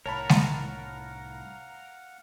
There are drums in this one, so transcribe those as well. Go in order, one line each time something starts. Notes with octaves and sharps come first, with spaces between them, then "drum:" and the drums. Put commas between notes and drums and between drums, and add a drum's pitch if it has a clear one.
C2 A2 A#4 C#5 F5 F#5 A5 B5
drum: snare